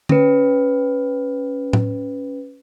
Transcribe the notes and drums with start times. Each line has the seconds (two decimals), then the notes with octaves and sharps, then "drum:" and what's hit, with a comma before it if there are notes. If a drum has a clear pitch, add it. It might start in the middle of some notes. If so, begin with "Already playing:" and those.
0.09 C#4 B4, drum: tom D3
1.73 drum: tom A2